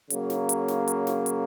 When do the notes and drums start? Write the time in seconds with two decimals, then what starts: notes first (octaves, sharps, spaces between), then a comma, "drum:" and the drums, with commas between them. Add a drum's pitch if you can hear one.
0.10 C#3 F#3 A#3, drum: hi-hat
0.30 drum: snare
0.49 drum: hi-hat
0.68 drum: snare
0.88 drum: hi-hat
1.07 drum: snare
1.26 drum: hi-hat